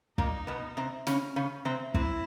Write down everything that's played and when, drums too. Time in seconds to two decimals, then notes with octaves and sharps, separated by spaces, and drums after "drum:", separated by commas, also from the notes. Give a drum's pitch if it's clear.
0.18 A#2 A#3 D#4, drum: kick
0.47 B2 B3
0.77 C3 C4
1.07 C#3 C#4, drum: snare
1.36 C#3 C#4
1.65 C3 C4
1.94 C3 C4 E4, drum: kick